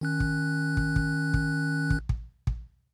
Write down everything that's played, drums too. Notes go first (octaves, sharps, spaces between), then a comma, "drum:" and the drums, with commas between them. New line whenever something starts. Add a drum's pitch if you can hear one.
D#3 C#4 F#6
drum: kick
drum: kick
drum: kick
drum: kick
drum: kick
drum: kick
drum: kick